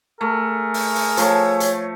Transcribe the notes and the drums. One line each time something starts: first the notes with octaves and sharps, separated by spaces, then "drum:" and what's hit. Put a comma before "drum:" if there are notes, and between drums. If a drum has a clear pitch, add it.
A3 G#4 A#4
drum: open hi-hat
drum: open hi-hat
F3 A3 C#5, drum: hi-hat
drum: hi-hat